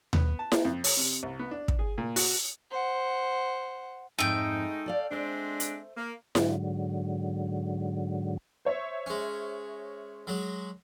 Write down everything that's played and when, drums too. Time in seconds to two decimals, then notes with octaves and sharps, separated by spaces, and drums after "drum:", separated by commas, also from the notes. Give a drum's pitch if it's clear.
0.13 B3, drum: tom D#2
0.39 A5
0.52 A#3, drum: snare E4
0.65 F2
0.84 C#5, drum: open hi-hat
0.97 C3
1.23 C2
1.39 B3
1.51 D4
1.68 drum: kick
1.79 G#4
1.98 A#2
2.16 F#4, drum: open hi-hat
2.71 C5 F#5
4.19 F2 G#2 G#3 A3 D#4 G5
4.86 A4 D5 F5
5.11 G#3 C4 D4 C5
5.60 drum: hi-hat
5.97 A#3
6.35 G#2 D3 F#3, drum: snare E4
8.65 C5 C#5 E5
9.06 G#3 C#4
10.27 F#3 G#3 F#4